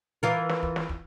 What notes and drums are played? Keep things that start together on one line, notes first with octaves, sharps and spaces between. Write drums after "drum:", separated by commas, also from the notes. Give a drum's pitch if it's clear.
E3 F4 A#4
drum: snare
drum: kick
drum: snare
drum: kick